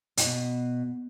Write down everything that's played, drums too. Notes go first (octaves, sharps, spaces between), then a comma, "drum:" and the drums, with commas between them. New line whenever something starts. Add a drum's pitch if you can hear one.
B2, drum: hi-hat